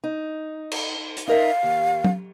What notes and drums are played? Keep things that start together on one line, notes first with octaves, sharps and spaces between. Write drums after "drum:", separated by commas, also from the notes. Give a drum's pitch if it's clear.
D#4
drum: cymbal
drum: hi-hat
D#4 A#4 E5 F5
D#2
drum: tom